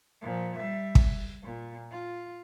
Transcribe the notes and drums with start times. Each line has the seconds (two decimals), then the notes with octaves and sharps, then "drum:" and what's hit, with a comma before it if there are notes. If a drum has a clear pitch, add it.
0.22 A#2 F3
0.57 G3 E5
0.95 drum: kick
1.44 A#2
1.91 F4